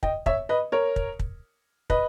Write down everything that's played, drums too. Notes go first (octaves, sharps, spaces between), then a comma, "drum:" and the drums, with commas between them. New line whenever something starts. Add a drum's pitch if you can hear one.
D#5 G5, drum: kick
C#5 E5, drum: kick
B4 D#5
A#4 C#5
drum: kick
drum: kick
B4 D#5, drum: kick